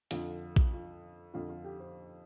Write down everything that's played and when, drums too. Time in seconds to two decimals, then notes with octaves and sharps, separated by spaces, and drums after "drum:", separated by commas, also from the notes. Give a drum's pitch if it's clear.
0.11 F2 D3 F4, drum: hi-hat
0.56 drum: kick A#1
0.73 F4
1.34 F2 D3 F4
1.49 F4
1.64 G4
1.80 G4 C5